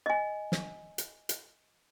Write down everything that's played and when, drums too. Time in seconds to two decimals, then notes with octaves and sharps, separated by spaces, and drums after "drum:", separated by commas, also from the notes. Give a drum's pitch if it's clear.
0.06 D#5 G#5
0.52 drum: snare
0.98 drum: hi-hat
1.29 drum: hi-hat